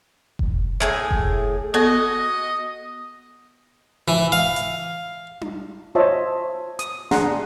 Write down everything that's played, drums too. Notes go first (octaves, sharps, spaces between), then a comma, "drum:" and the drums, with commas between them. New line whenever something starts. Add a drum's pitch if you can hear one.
drum: kick F1
A2 G#4 E5 G#5
drum: kick F1
B3 F#4 A4 D#5
E3
F5
drum: hi-hat
drum: tom D4
F4 C5 C#5 D#5 E5 A5
D#6, drum: hi-hat
D4 G#4 F#5 A#5 C6, drum: snare